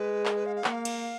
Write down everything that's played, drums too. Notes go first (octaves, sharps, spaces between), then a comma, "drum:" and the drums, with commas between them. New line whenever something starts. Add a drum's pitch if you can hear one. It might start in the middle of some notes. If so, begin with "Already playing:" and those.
Already playing: G#3 B4
A#4, drum: clap
B4
F5
F5
A#3 F#5, drum: clap
F5
drum: cymbal